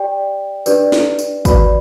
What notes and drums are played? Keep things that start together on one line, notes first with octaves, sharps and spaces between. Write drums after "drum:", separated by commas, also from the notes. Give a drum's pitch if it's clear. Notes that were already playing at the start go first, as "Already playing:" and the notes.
Already playing: G4 D5 G5
D4 G4 B4 D5, drum: tambourine
drum: snare
drum: tambourine
F#4 B4 D5 B5, drum: kick, tambourine